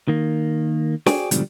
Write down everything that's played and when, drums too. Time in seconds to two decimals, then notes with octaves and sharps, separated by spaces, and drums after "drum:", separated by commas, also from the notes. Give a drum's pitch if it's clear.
0.08 D#3 A#3
1.06 F#4 G#4 C5 D5 G5 G#5, drum: snare
1.31 G#2 B2 D3 F3 G3, drum: hi-hat